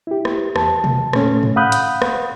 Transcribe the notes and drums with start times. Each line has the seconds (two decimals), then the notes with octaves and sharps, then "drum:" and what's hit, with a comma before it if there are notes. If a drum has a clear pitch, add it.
0.07 E4 G4
0.25 drum: rim click
0.56 E2 A5, drum: rim click
0.84 drum: tom B2
1.13 A#2 A3 C#4 A4, drum: rim click
1.43 drum: tom G#2
1.56 F5 F#5 B5 D#6 F#6 G6
1.72 drum: hi-hat
2.02 drum: rim click